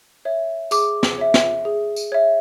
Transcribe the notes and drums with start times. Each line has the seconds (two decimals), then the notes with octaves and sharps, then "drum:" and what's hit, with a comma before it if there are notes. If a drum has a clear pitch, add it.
0.25 C#5 E5
0.71 G#4 D6, drum: tambourine
1.03 drum: snare
1.18 C#5 E5
1.34 drum: snare
1.65 G#4
1.96 drum: tambourine
2.12 C#5 E5